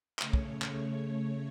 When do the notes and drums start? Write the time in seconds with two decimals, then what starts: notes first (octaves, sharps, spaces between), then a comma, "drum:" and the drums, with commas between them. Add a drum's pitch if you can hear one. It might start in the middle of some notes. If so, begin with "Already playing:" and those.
0.19 C#3 A3 C#5, drum: clap
0.33 drum: kick
0.62 drum: clap
0.77 C#5
1.05 C#5